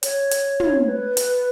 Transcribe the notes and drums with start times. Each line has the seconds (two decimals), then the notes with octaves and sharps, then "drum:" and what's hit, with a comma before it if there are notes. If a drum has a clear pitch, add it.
0.03 C#5, drum: hi-hat
0.31 drum: hi-hat
0.60 drum: tom
0.88 B4
1.17 drum: hi-hat